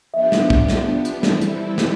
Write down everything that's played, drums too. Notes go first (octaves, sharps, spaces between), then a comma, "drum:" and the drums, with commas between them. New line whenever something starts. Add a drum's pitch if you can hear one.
F3 B3 D4 G4 E5
drum: snare
drum: kick
drum: snare
drum: hi-hat
E3 G3 C4 E4 A4, drum: snare
drum: hi-hat
drum: snare